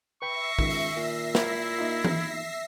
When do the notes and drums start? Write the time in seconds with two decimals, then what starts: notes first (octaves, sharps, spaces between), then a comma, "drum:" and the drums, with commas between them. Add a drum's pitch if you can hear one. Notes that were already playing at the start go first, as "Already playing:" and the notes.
0.22 B4 E5 G5 B5 C#6 A#6 C7
0.59 C#2 D#3, drum: kick
0.70 drum: open hi-hat
0.96 A#2
1.35 E4 A#4, drum: snare
1.78 A#3 D#4 F4
2.05 drum: tom E3